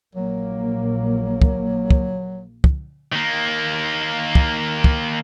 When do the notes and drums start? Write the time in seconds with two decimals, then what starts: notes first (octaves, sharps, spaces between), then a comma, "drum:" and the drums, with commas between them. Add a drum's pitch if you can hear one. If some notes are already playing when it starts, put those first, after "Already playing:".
0.15 A#1 F#3 A#3
1.42 drum: kick
1.91 drum: kick
2.64 drum: kick
3.13 D#3 A#3
4.35 drum: kick
4.84 drum: kick